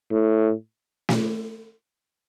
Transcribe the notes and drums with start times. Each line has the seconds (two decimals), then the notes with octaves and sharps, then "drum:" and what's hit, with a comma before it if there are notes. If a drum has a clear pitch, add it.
0.11 A2
1.09 drum: snare